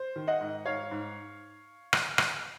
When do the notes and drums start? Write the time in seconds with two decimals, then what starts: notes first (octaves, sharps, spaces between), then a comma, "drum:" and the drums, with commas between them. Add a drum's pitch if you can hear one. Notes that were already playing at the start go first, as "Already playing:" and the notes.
Already playing: C5
0.16 D#3
0.27 D#5 F#5
0.41 G#2
0.65 G#2 C#5 F5
0.91 G#2
1.93 drum: rim click
2.18 drum: rim click